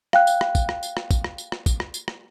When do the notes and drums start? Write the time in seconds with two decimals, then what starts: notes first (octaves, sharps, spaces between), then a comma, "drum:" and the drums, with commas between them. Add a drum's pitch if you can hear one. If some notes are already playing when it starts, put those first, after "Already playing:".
0.13 F5 G5 F#6, drum: rim click
0.27 drum: tambourine
0.41 drum: rim click
0.55 drum: kick, tambourine
0.69 drum: rim click
0.83 drum: tambourine
0.97 drum: rim click
1.11 drum: kick, tambourine
1.24 drum: rim click
1.38 drum: tambourine
1.52 drum: rim click
1.66 drum: kick, tambourine
1.80 drum: rim click
1.94 drum: tambourine
2.08 drum: rim click